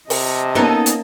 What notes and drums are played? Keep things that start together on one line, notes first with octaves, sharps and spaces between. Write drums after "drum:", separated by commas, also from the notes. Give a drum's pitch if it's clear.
C3 D#5 A5, drum: open hi-hat
A#3 B3 C#4 D#4 A4 A#4
drum: hi-hat